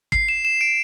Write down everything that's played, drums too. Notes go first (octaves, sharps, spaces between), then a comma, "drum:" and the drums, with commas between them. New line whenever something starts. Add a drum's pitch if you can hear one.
C7, drum: kick
E7
E7
D7